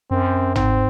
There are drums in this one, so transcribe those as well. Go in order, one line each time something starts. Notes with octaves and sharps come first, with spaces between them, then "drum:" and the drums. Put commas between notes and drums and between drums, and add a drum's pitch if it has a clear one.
F#2 C4
G#2 C4, drum: tom